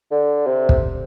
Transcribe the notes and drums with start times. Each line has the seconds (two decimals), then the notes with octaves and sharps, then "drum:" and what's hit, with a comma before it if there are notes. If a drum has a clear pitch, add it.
0.11 D3
0.46 C3
0.69 drum: kick